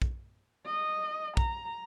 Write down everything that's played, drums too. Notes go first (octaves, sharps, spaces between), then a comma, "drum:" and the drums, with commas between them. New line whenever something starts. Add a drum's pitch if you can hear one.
drum: kick
D#5
A#5, drum: kick